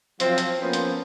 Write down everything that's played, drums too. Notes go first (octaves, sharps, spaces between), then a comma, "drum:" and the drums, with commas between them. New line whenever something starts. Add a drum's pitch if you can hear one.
F3 F#3 C4 F4, drum: hi-hat
drum: hi-hat
F3 A#3 B3 C#4 C5
drum: hi-hat